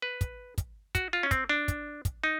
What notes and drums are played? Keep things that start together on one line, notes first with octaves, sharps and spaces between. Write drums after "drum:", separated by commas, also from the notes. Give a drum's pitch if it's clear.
B4
drum: kick, hi-hat
drum: kick, hi-hat
F#4, drum: kick, hi-hat
F4
C#4
C4, drum: kick, hi-hat
D4
drum: kick, hi-hat
drum: kick, hi-hat
D#4